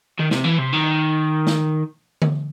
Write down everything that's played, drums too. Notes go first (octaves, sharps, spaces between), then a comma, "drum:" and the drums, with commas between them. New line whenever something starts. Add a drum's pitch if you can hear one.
D#3
C3, drum: snare
E3
C3
D#3
drum: snare
drum: tom D3